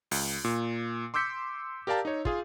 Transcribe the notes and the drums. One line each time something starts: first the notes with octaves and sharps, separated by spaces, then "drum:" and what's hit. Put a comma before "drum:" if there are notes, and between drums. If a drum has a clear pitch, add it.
C#2, drum: open hi-hat
A#2
C6 D6 E6 G6 B6 C#7
G4 A#4 D5 F5 A5 A#5
D#4 C#5
F4 G#4 F5, drum: kick